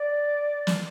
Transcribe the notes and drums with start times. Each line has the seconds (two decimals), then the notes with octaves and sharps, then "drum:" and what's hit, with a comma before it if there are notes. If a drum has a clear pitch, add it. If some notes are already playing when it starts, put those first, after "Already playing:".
Already playing: D5
0.67 drum: snare